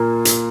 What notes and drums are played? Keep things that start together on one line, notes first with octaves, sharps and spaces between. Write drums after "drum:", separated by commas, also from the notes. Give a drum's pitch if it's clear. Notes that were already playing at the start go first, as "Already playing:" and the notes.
Already playing: A#2 A#3
drum: hi-hat